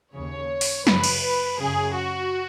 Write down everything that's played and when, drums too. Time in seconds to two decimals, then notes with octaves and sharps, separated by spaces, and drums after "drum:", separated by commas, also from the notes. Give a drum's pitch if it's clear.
0.15 D#2 C#3 C#5
0.61 drum: open hi-hat
0.87 F#2 C#3 B4, drum: snare
1.04 drum: cymbal
1.59 F#2 C#3 G#4
1.94 F#4